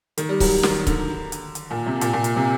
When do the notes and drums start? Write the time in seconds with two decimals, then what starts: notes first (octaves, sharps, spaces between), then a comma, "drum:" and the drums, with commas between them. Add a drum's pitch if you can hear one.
0.18 D#3, drum: hi-hat
0.29 G3
0.40 F#3, drum: kick C#1, open hi-hat
0.63 D#3, drum: snare
0.87 D3, drum: kick C#1, hi-hat
1.32 drum: hi-hat
1.55 drum: hi-hat
1.70 A#2
1.86 C3
2.01 A#2, drum: hi-hat
2.13 A#2
2.24 drum: hi-hat
2.36 C3